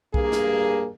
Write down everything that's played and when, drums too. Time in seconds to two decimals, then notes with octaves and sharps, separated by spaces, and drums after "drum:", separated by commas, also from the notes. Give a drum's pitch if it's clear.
0.14 G2 A#3 G#4, drum: kick B1
0.32 drum: snare